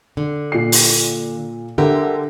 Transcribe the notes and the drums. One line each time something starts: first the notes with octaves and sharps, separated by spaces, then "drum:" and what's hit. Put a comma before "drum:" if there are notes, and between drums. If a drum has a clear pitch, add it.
D3
A#2 C7
drum: open hi-hat
D3 G4 A#4 E5